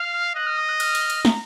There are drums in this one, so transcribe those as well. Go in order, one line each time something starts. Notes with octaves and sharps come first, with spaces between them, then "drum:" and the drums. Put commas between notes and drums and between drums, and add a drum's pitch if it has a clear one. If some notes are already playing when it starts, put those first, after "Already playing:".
Already playing: F5 F6
D#5 F#6
F6
D#6
F#6
F6, drum: cymbal
drum: cymbal
drum: cymbal
A#5, drum: snare